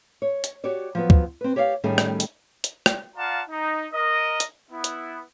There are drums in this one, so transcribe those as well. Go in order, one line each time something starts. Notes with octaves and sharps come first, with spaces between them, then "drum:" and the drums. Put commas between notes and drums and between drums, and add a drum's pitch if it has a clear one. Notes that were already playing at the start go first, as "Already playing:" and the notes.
C#5
drum: hi-hat
F#4 G4 C#5 D5
F3 F#3 B3
drum: kick
C4 B4
G4 C#5 D5 E5 F5
A2 D#3 G3 A3 C#4 G#4
drum: rim click
drum: hi-hat
drum: hi-hat
drum: rim click
F4 D5 F5 F#5 A5 A#5
D#4
A#4 D#5
drum: hi-hat
B3 E4
drum: hi-hat